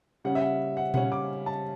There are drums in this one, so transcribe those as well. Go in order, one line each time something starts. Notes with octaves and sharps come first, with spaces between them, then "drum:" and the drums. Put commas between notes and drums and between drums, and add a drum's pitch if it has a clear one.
C#3 G3 C#4 F#5
E5
F#5
F#5
C#3 G3 C#4 F#5, drum: tom A#2
D6
A5